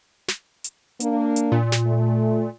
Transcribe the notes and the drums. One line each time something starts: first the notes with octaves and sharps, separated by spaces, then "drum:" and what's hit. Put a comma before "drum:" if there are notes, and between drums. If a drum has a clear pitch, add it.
drum: snare
drum: hi-hat
A#3 D4, drum: hi-hat
drum: hi-hat
A#2
drum: snare
A3